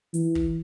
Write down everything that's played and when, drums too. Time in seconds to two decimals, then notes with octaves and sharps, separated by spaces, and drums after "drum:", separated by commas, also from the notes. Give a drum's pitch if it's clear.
0.14 E3, drum: hi-hat
0.35 drum: kick